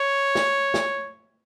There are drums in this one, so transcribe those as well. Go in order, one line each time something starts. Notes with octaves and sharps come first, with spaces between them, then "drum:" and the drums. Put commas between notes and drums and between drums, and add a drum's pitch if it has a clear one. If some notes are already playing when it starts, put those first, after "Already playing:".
Already playing: C#5
drum: snare
drum: snare